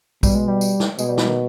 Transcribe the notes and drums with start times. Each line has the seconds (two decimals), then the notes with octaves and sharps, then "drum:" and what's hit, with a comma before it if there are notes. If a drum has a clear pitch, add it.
0.23 B2 G3, drum: kick A#1, tambourine
0.35 G#3
0.48 G3
0.61 drum: tambourine
0.80 drum: snare
0.99 B2 G#3, drum: tambourine
1.08 G3
1.18 drum: snare
1.27 D#3